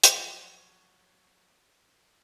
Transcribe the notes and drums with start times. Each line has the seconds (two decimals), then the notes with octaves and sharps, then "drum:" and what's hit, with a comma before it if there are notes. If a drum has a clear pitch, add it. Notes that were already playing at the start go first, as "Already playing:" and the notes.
0.03 F3 F#3, drum: hi-hat